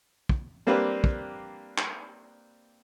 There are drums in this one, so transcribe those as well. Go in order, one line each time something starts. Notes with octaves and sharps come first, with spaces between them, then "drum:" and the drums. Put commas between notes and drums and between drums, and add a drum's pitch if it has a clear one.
drum: kick
G3 A#3 C4 D4 G4 B4
drum: kick
drum: clap